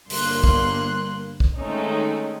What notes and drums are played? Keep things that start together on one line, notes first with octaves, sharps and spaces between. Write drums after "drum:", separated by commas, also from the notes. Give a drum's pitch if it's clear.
G1 G2 A#3 C6 F#6, drum: open hi-hat
drum: kick
drum: kick
D#3 G#3 A3 C4 C#4 D#4